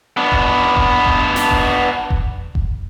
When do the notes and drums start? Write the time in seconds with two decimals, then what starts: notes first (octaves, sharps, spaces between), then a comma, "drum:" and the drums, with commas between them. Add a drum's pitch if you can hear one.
0.17 B3 D4
0.32 drum: kick F1
0.76 drum: kick F1
1.06 drum: kick F1
1.36 drum: snare
1.51 drum: kick F1
2.10 drum: kick F1
2.55 drum: kick F1